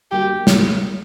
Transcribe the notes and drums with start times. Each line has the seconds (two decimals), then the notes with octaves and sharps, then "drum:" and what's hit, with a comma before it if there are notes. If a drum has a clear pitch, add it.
0.11 D3 G3 A#3 F#4 G4
0.47 A2 G3 D4 G4 A#4, drum: snare